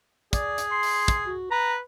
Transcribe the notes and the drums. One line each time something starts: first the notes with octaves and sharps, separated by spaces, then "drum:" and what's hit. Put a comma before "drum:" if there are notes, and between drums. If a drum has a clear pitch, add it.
G#4 D5, drum: kick, hi-hat
drum: hi-hat
C6
drum: open hi-hat
drum: kick, hi-hat
F#4
B4 A#5